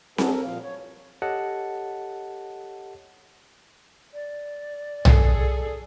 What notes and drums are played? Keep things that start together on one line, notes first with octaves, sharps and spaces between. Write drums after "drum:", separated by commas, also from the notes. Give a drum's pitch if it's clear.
C#4 D4 F#4 G#4 A4 B4, drum: snare C4
A4 A#4
A#2 F3 F5
C#5
G4 A4 C#5 D#5 F#5 A5
D5
G#4 A4, drum: tom B1